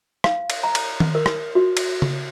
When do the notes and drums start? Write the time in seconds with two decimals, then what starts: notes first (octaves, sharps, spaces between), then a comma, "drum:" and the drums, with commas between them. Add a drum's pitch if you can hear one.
0.24 F5, drum: rim click
0.50 drum: cymbal
0.63 A#5
0.75 drum: cymbal
1.00 drum: tom D#3
1.15 A#4
1.26 drum: rim click
1.55 F#4
1.77 drum: cymbal
2.02 drum: tom C#3